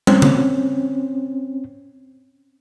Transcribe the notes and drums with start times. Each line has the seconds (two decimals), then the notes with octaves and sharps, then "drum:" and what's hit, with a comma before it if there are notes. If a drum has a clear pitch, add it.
0.07 C4 C#4, drum: tom
0.22 drum: tom C#3